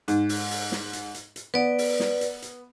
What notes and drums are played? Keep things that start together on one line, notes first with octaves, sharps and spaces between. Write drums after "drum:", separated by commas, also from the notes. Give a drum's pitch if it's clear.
G#2, drum: hi-hat
drum: open hi-hat
drum: open hi-hat
drum: snare
drum: hi-hat
drum: hi-hat
drum: hi-hat
B3 B4 D5
drum: open hi-hat
drum: snare
drum: hi-hat
drum: hi-hat